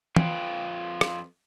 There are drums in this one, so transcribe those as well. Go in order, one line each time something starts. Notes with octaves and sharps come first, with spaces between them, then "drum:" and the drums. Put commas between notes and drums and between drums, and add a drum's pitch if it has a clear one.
F2 F4 B4 F5 G5, drum: tom
drum: rim click